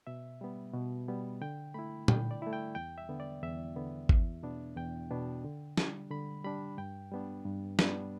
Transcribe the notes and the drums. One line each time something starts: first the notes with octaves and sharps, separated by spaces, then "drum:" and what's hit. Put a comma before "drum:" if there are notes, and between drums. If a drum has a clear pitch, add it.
B2 E5
G3 B3
B2
G3 B3
D3 G5
A3 E4 B5
D3 G5, drum: tom A#2
D5
A3 E4
G5
E2 G5
E5
D3 B3
D5
E2 E5
D3 B3
E2, drum: kick G#1
B2 B3 D4
E2 G5
B2 B3 D4
D3
G3 D4, drum: snare
D3 B5
G3 D4 B5
G2 G5
G3 B3 D4
G2
G3 B3 D4, drum: snare